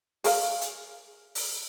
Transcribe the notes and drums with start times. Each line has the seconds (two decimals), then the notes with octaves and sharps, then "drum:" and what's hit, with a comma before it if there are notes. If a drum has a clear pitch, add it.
0.24 G#4 A#4 F5, drum: open hi-hat
0.61 drum: hi-hat
1.35 drum: open hi-hat